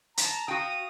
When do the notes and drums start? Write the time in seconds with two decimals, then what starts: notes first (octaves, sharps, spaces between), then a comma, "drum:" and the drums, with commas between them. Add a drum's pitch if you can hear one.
0.17 A5 A#5, drum: hi-hat
0.48 F#4 F5 G5 D#6